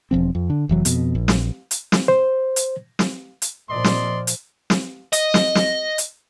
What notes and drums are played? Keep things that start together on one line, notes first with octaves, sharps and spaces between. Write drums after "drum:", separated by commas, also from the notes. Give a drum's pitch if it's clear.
E1 F3 C4
F2
D3
F1 E3 F#3
F2 B2, drum: hi-hat
A#1
drum: snare
drum: hi-hat
drum: snare
C5
drum: hi-hat
drum: snare
drum: hi-hat
A#2 F3 D5 D#5 C6
drum: snare
drum: hi-hat
drum: snare
D#5, drum: hi-hat
drum: snare
drum: snare
drum: hi-hat